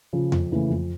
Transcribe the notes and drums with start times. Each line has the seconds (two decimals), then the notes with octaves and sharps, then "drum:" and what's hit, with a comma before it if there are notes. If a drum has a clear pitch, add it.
0.13 C#3 F3
0.32 F2, drum: tom E2
0.52 C#3 E3 A3
0.70 F2